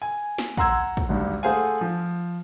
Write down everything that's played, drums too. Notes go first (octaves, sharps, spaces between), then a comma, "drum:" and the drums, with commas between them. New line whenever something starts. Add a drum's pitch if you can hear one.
G#5
drum: snare
F#5 A#5 C6 E6 G#6, drum: kick
drum: kick
G#1 D2 G2
A3 G#4 C5 F5 F#5 G#5
F3